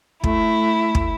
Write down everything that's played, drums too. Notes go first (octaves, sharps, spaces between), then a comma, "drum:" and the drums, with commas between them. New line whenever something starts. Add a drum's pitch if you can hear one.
A3 E4, drum: kick
drum: kick